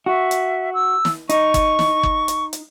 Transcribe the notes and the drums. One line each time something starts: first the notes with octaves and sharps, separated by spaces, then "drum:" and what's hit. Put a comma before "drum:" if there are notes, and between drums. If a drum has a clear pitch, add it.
F#4 E5
drum: hi-hat
E6
drum: snare
D#4 C#6, drum: hi-hat
drum: kick, hi-hat
drum: snare
drum: kick
drum: hi-hat
drum: hi-hat